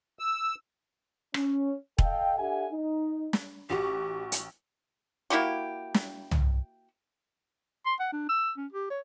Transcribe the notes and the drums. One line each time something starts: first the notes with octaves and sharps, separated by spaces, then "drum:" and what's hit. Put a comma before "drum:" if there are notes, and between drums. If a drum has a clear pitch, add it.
E6
C#4, drum: rim click
A4 D#5 F5 G5, drum: kick E1
D4 G4 A4 E5 F#5 G#5
D#4
drum: snare
A1 F#4 G4 C#6
drum: hi-hat
A#3 E4 F#4 G4
drum: snare
drum: tom C2
C6
F#5
D4
E6
C#4
G4
C#5